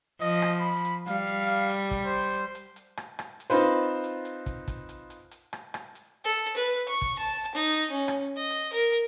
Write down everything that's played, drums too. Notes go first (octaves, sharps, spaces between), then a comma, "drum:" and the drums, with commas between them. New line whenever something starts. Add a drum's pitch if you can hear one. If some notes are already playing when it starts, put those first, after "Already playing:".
F3 D#5, drum: hi-hat
drum: rim click
B5
drum: hi-hat
G3 F5, drum: hi-hat
drum: hi-hat
drum: hi-hat
drum: hi-hat
drum: kick, hi-hat
C5
drum: hi-hat
drum: hi-hat
drum: hi-hat
drum: rim click
drum: rim click
drum: hi-hat
C4 D#4 F4 B4 C5
drum: hi-hat
drum: hi-hat
drum: hi-hat
drum: kick, hi-hat
drum: kick, hi-hat
drum: hi-hat
drum: hi-hat
drum: hi-hat
drum: rim click
drum: rim click
drum: hi-hat
A4
drum: hi-hat
B4
C#6
drum: kick, hi-hat
A5
drum: hi-hat
D#4
drum: hi-hat
C#4
drum: rim click
D#5
drum: hi-hat
A#4, drum: hi-hat